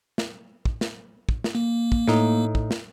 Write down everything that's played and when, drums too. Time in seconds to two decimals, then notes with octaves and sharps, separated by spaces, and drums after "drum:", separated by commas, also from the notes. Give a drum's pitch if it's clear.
0.18 drum: snare
0.65 drum: kick
0.81 drum: snare
1.29 drum: kick
1.44 drum: snare
1.55 A#3
1.92 drum: kick
2.08 A2 D#4, drum: snare
2.55 drum: kick
2.71 drum: snare